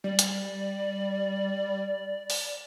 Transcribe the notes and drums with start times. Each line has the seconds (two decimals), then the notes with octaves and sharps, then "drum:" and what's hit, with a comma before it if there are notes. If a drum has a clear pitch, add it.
0.04 G3 D5
0.19 drum: hi-hat
2.30 drum: open hi-hat